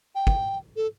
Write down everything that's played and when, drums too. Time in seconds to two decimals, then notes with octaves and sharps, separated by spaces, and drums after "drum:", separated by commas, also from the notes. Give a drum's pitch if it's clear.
0.15 G5
0.27 drum: kick
0.76 A4